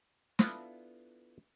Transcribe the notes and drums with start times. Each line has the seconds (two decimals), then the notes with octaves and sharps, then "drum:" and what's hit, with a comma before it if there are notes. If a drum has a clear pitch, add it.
0.39 B3 D4 E4 F4 A4, drum: snare